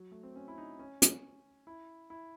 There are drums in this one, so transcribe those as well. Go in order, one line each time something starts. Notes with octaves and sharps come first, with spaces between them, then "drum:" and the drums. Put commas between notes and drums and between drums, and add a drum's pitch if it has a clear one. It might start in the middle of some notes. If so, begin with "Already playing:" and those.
Already playing: F#3
A3
C4
C#4
E4
D#4
C#4
drum: hi-hat
E4
E4